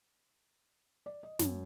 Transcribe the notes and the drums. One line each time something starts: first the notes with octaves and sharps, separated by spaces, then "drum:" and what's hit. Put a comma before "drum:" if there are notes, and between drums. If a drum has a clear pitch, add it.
D5
D#5
F#2, drum: snare